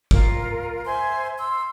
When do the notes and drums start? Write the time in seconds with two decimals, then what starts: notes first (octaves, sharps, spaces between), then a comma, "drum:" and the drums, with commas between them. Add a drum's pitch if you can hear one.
0.11 F4 A#4, drum: kick
0.86 C5 E5 G#5 C6
1.38 C6 E6